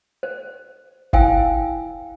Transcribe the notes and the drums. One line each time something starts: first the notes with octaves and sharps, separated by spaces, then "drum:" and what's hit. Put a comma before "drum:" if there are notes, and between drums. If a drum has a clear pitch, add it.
C5
E4 C5 F5 G5 G#5 E6, drum: kick G1